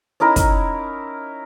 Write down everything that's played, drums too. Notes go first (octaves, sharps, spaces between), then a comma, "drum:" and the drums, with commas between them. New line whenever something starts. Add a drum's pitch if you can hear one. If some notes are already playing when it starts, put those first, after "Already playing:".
C#4 D#4 E4 A#4
drum: kick, hi-hat